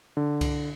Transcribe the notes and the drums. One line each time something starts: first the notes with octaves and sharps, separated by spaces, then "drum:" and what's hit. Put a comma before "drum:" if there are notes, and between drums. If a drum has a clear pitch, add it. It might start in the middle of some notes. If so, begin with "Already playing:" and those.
D3
drum: kick C2, cymbal